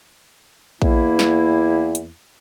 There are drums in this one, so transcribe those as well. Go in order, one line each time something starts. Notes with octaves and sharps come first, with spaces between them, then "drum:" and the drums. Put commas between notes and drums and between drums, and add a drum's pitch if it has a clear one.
E2 A#3 E4, drum: kick A#1
drum: snare
drum: hi-hat